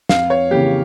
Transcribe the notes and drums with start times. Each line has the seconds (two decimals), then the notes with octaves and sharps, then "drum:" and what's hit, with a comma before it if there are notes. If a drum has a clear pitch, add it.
0.09 F2 F5, drum: snare
0.30 C#5
0.51 C#3 E3 A#3 G4